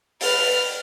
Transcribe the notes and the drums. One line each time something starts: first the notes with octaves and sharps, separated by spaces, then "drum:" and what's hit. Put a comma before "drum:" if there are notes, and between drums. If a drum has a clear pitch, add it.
B4 F6, drum: open hi-hat